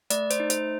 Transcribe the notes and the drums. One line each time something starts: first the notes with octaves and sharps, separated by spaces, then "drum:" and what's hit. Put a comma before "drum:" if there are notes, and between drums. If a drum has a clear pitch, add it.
A3 D5, drum: hi-hat
C5, drum: hi-hat
D#4
C5, drum: hi-hat